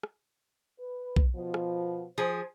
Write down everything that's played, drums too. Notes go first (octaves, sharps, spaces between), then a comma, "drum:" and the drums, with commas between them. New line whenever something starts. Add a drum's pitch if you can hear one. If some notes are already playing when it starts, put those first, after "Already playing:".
drum: rim click
B4
drum: kick B1
B2 F3
drum: rim click
F3 G#4 C5